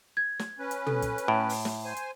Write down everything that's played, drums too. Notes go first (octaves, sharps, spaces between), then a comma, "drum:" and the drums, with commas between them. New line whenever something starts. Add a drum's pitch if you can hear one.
G#6
drum: snare
C#4 B4
drum: hi-hat
A4, drum: tom
drum: kick, hi-hat
drum: hi-hat
A2 D7
drum: open hi-hat
drum: snare
C5 G#5
drum: hi-hat